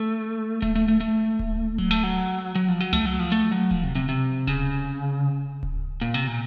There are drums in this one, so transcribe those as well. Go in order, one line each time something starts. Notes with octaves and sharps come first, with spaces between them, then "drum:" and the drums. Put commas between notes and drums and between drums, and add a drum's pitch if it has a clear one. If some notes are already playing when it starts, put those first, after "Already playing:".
Already playing: A3
A3, drum: kick D1
A3
A3
A3
drum: kick D1
F#3, drum: kick D1
A3
F#3
F#3
F3
F#3
A3, drum: tom C2
F#3
F3
A3
F#3
F3, drum: kick D1
C3
C3
C3
C#3, drum: kick D1
drum: kick D1
A#2
C3
A#2